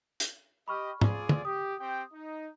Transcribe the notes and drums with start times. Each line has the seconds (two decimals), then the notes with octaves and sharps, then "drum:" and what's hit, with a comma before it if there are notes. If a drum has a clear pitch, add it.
0.20 drum: hi-hat
0.68 G4 D#5 B5 C#6 F6
1.01 F4 G#4 D5, drum: tom G#2
1.29 drum: tom
1.45 G4 D#6
1.80 C4 G4 G5
2.14 D#4